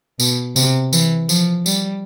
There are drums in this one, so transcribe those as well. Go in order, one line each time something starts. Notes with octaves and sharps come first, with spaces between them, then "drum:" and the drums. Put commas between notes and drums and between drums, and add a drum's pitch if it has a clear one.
B2, drum: tambourine
C3, drum: tambourine
E3, drum: tambourine
F3, drum: tambourine
G3, drum: tambourine